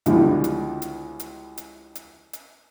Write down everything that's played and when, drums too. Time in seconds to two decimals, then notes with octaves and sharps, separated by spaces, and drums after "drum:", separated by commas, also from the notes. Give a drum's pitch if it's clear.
0.06 C#2 B2 D3 F3 G3 E4, drum: hi-hat
0.44 drum: hi-hat
0.82 drum: hi-hat
1.20 drum: hi-hat
1.57 drum: hi-hat
1.95 drum: hi-hat
2.33 drum: hi-hat